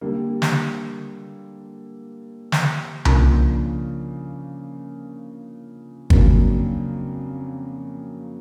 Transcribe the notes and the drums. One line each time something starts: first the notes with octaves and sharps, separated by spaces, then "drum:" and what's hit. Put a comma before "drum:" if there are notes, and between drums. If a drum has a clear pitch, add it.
D3 G3 A#3
drum: snare
drum: snare
C#3 F3 A#3 D4, drum: tom C2
F2 C#3 F#3 A#3 D4, drum: kick